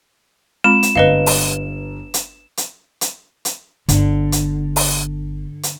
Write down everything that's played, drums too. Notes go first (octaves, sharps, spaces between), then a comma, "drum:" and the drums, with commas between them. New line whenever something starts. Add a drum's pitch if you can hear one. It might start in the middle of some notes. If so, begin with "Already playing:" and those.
G#3 C4 F4 B5 E7
drum: hi-hat
G1 B4 D#5 F5 C#7 G7
drum: open hi-hat
drum: hi-hat
drum: hi-hat
drum: hi-hat
drum: hi-hat
G1 D3, drum: hi-hat
drum: hi-hat
drum: open hi-hat
drum: hi-hat